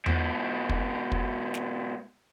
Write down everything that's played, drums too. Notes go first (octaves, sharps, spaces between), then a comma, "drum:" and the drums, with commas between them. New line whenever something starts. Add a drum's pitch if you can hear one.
G#2 B2, drum: tom E2
drum: kick
drum: kick
drum: snare